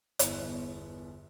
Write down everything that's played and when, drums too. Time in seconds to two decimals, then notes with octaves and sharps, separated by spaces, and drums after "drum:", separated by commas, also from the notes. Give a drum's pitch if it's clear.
0.19 G1 E2 E4, drum: hi-hat